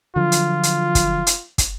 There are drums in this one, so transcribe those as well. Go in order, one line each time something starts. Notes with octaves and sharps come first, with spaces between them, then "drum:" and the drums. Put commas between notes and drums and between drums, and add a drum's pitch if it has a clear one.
D3 F3 F#3 F4
drum: hi-hat
drum: hi-hat
drum: kick, hi-hat
drum: hi-hat
drum: kick, hi-hat